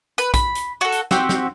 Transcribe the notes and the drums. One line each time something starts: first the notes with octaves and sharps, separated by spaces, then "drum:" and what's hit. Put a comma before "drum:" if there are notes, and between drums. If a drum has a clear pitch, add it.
B4, drum: hi-hat
B5, drum: kick, hi-hat
drum: hi-hat
F#4 A4
drum: hi-hat
C4 F#4 G4, drum: snare
drum: snare